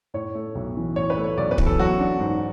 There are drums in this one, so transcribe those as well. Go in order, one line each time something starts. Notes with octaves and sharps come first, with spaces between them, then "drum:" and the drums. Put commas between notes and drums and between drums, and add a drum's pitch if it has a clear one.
A2 C#5
A3
B1
E3
A2 C#5
B4
A3
C#5
B1 D5
B4
E3, drum: kick
A4
F#3 F#4
D4
G#2